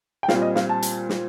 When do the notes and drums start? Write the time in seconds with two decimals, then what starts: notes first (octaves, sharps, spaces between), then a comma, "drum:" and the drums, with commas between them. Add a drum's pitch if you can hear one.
0.23 G5
0.28 A#2 G3 C4 F4 F5, drum: snare
0.42 D#5
0.55 F5, drum: snare
0.69 A5
0.82 drum: hi-hat
1.09 drum: snare